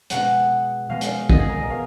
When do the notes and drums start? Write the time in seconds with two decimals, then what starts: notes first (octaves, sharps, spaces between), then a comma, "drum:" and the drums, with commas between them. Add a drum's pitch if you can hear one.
0.10 B2 G#3 F#5, drum: hi-hat
0.89 B2 G#3 F5
1.01 drum: hi-hat
1.30 D#5, drum: kick
1.39 G#4
1.50 A#4
1.60 D#5
1.70 B2 F5